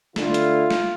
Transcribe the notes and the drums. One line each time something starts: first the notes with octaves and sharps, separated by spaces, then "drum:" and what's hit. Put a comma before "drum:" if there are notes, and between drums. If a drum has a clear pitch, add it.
D3 A3 E4 F4, drum: snare
drum: hi-hat
drum: snare